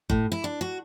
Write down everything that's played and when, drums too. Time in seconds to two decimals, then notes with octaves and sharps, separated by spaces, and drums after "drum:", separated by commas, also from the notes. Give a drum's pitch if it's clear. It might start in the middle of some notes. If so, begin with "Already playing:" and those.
0.10 A2, drum: kick F#1
0.32 E4
0.44 D4
0.61 F#4